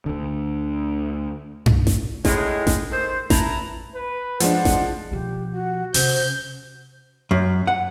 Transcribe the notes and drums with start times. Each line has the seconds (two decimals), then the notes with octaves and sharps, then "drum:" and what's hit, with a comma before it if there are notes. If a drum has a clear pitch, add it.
0.06 D2 D3
1.66 drum: tom G2
1.87 drum: snare A1
2.25 A2 G#3, drum: snare A1
2.67 drum: snare A1
2.91 D#3 A4 C5
3.30 E4 B4 A5 A#5, drum: snare A1
3.95 B4
4.40 F3 G#3 D4 F#5, drum: hi-hat
4.65 drum: snare A1
5.11 B2 F3 G4
5.53 F#4 F#5
5.94 C3 C#4 C5 G6, drum: open hi-hat
7.31 F#2
7.67 F#5